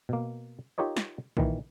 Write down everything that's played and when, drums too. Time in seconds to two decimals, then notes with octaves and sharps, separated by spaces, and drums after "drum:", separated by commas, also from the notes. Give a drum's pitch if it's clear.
0.09 B2 A#3
0.78 D#4 F4 G4 A#4 C#5 D#5
0.97 drum: snare
1.37 A#2 D#3 E3, drum: kick